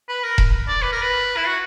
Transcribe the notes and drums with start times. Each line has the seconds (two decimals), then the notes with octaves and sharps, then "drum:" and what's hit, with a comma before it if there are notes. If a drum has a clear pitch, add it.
0.09 B4
0.23 A#4
0.38 drum: kick E1
0.68 D5
0.82 B4
0.92 A#4
1.02 B4
1.37 E4
1.47 F#4